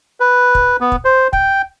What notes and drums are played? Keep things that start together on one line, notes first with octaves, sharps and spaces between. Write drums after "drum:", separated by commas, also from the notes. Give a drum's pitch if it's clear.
B4
drum: kick
B3
drum: kick
C5
G5, drum: kick